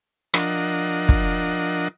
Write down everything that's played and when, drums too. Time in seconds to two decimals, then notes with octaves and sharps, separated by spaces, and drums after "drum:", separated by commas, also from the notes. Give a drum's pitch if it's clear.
0.34 F3 D4 A#4 D#5 F#5, drum: rim click
1.09 drum: kick